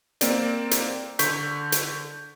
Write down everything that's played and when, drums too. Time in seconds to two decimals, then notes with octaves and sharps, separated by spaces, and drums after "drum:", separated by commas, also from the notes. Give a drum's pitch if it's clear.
0.21 A#3 C4 D5, drum: hi-hat
0.71 drum: hi-hat
1.19 D3 C#6 G6 B6, drum: hi-hat
1.72 drum: hi-hat